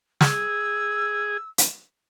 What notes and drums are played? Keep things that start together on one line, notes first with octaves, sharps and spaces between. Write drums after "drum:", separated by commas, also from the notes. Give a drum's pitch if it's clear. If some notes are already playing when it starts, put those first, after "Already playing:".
G#4 E6, drum: snare
drum: hi-hat